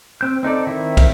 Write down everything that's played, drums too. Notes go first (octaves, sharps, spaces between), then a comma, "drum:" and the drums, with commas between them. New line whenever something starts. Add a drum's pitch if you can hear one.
C4 G6
C4 D#4 A4 D5
D#3 C4 E4
drum: kick, cymbal